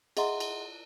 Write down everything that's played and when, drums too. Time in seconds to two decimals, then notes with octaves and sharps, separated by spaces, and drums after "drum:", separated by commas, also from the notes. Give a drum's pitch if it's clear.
0.17 G#4 D#5 E5 F#5 A#5 C6, drum: cymbal
0.40 drum: cymbal